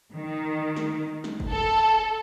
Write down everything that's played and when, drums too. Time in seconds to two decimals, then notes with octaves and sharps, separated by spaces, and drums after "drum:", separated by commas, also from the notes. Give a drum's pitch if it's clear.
0.13 D#3
0.77 drum: snare
1.24 drum: snare
1.40 drum: kick
1.51 A4